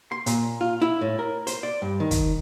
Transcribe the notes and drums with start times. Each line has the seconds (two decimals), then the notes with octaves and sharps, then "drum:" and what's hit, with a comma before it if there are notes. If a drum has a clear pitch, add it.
0.12 C6
0.26 A#2, drum: hi-hat
0.61 F4
0.82 E4
1.01 A2
1.19 A#4
1.47 C5, drum: hi-hat
1.63 D5
1.82 G2
2.00 D#3
2.11 drum: kick, hi-hat